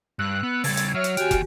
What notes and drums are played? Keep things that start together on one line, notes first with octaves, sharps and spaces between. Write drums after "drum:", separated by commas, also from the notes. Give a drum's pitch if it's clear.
G2 E6 F#6
B3
C#3 G3 G#6 A6, drum: open hi-hat
drum: hi-hat
F#3 C#5 E5 F6
drum: hi-hat
D#2 F#4 G4 G5 G#5, drum: hi-hat
drum: kick, hi-hat